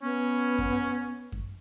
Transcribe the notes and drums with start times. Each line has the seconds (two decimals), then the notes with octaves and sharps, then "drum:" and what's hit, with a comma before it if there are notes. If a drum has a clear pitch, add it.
0.03 B3 C#4
0.58 drum: kick F#2
1.32 drum: kick F#2